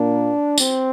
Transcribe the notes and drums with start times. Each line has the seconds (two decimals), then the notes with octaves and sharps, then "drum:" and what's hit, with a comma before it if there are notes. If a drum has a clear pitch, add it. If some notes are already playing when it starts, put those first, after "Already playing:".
Already playing: A#2 A#3 D4
0.58 C4, drum: tambourine